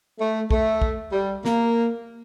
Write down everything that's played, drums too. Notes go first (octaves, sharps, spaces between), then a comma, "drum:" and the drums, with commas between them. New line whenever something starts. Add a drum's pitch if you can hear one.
A3
A3, drum: kick
drum: kick
G3
A#3, drum: snare